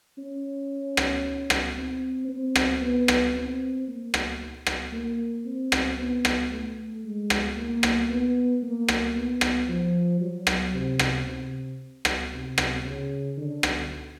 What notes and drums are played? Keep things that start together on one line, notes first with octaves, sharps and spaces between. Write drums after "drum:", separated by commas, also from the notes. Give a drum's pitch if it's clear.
C#4
drum: rim click
drum: rim click
C4
C4
drum: rim click
B3
drum: rim click
C4
A#3
drum: rim click
drum: rim click
A#3
C4
drum: rim click
B3
drum: rim click
A3
G#3
drum: rim click
A#3
drum: rim click
B3
A#3
drum: rim click
B3
drum: rim click
F3
F#3
drum: rim click
C3
drum: rim click
C3
drum: rim click
C3
drum: rim click
C#3
D3
drum: rim click